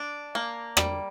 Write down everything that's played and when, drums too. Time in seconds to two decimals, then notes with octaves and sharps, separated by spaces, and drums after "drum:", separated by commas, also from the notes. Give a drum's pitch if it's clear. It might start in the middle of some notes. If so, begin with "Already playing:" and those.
Already playing: D4
0.35 A#3
0.77 G3, drum: rim click